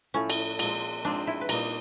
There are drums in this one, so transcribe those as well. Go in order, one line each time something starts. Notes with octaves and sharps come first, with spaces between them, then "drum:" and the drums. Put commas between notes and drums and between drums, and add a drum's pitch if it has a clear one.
A2 F3 A3 C#4
drum: cymbal
A#2 F3 G#3 C4, drum: cymbal
G#2 F3 G#3 C4 D4
E4
B4
A#2 G3 A#3 D#4 A#4, drum: cymbal